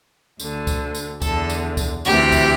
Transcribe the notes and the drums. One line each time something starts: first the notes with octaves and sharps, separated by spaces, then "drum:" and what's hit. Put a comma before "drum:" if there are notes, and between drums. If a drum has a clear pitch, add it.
D2 D3, drum: tambourine
drum: kick C#2, tambourine
drum: tambourine
E2 D3 A4, drum: kick C#2, tambourine
drum: tambourine
drum: kick C#2, tambourine
D2 C3 E3 G4, drum: tambourine
drum: kick C#2, tambourine